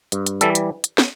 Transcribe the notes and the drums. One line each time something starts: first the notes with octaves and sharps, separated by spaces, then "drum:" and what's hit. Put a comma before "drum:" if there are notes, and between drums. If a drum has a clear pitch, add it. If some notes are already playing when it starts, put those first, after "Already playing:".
G2, drum: hi-hat
drum: hi-hat
E3 G3 A4, drum: hi-hat
drum: hi-hat
drum: hi-hat
drum: snare